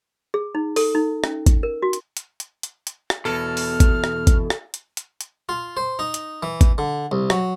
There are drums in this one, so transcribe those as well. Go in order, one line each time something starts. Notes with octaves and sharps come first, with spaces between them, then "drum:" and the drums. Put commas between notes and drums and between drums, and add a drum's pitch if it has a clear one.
G#4
D#4
A4, drum: open hi-hat
D#4
C#4, drum: rim click
drum: kick, hi-hat
A#4
F#4
drum: hi-hat
drum: hi-hat
drum: hi-hat
drum: hi-hat
drum: hi-hat
drum: rim click
E2 B2 A4 F6
drum: open hi-hat
drum: kick, hi-hat
drum: rim click
drum: kick, hi-hat
drum: rim click
drum: hi-hat
drum: hi-hat
drum: hi-hat
F4
C5
D#4
drum: hi-hat
E3
drum: kick, hi-hat
D3
C2
F#3, drum: rim click